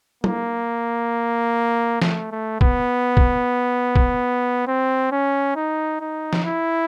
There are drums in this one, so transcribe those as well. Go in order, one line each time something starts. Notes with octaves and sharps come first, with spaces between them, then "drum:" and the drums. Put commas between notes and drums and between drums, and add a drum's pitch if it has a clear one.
A#3, drum: tom
A3, drum: snare
A3
B3, drum: kick
drum: kick
drum: kick
C4
C#4
D#4
D#4
drum: snare
E4